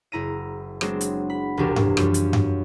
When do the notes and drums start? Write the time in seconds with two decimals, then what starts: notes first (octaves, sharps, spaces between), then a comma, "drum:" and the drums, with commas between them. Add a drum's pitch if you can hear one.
0.12 F#1 E4 A#5 D#7
0.81 F#3 G#3 B3 C4 D4, drum: rim click
1.01 drum: hi-hat
1.30 B5
1.57 E1 C2 C#4 D4 G4 A#4
1.76 drum: tom G2
1.97 F#2 F3 G3, drum: rim click
2.14 drum: hi-hat
2.33 drum: tom G2